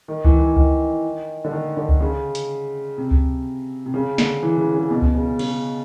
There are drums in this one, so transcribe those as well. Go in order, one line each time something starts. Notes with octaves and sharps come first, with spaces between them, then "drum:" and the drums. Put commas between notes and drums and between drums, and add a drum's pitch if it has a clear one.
D#3
E3, drum: kick C#2
E3
D#3, drum: kick C#2
D3
D#3
D3
drum: kick C#2
C#3
drum: hi-hat
C3
drum: kick C#2
C3
C#3
D3, drum: snare
E3
C#3
C#3
B2
drum: kick C#2
C#3
C#3, drum: cymbal